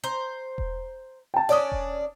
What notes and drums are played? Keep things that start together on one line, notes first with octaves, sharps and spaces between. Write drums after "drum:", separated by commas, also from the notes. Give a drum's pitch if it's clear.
C5 A#5
drum: kick E1
G5 A5
C#4 D4 C#5 D5 D#6
drum: kick E1